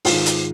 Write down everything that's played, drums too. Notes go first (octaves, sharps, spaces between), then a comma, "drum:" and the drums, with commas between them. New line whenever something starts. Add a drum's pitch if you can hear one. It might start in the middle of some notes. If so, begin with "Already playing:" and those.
G#2 D#3 F4, drum: open hi-hat
drum: hi-hat